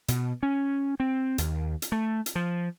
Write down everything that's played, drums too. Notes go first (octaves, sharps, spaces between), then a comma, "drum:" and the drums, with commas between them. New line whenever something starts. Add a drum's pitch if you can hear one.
B2, drum: hi-hat
C#4
C4
D#2, drum: hi-hat
drum: hi-hat
A3
drum: hi-hat
F3